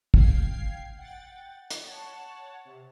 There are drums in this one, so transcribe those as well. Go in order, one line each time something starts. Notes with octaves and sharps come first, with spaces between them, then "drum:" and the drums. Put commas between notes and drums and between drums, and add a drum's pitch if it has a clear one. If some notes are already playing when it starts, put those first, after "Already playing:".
F5 G5 G#6 C7, drum: kick
F#5 G5 A6
drum: hi-hat
C#5 F#5 A5
C3